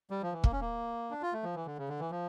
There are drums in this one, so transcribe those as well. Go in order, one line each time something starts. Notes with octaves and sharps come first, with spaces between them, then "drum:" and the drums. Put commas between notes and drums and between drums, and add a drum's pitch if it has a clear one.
G3
F3
E3
A#3, drum: kick
C#4
A#3
D4
F4
A3
F3
E3
D3
C#3
D3
E3
F3